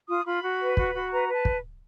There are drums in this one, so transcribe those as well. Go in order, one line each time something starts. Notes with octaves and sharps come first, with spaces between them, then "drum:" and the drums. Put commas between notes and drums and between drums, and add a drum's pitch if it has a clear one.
F4 D#6
F4 B5
F#4
B4
F#4, drum: kick
F#4
B4 A#5
B4
A5
drum: kick